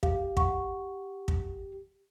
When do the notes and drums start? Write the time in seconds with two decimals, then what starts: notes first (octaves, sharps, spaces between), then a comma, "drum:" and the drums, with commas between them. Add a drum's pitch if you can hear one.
0.03 G4 F5, drum: kick
0.37 F#5 C#6, drum: kick
1.28 drum: kick